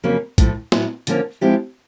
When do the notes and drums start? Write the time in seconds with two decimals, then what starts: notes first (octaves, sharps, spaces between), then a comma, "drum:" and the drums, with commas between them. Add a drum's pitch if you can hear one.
0.04 F2 C#3 F#3 A#3 C#4
0.38 A2 F3 A3, drum: kick, hi-hat
0.72 A2 F#3 B3 E4, drum: snare
1.07 D3 F3 A#3 C#4, drum: hi-hat
1.41 F3 G#3 C4 E4 G4